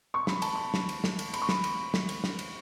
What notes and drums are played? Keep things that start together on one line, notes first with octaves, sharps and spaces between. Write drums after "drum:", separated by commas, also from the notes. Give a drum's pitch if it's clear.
C#6
B5, drum: snare
A5, drum: cymbal
B5
drum: snare
drum: cymbal
drum: snare
drum: cymbal
B5, drum: cymbal
C#6
B5, drum: snare
drum: cymbal
drum: snare
drum: cymbal
drum: snare
drum: cymbal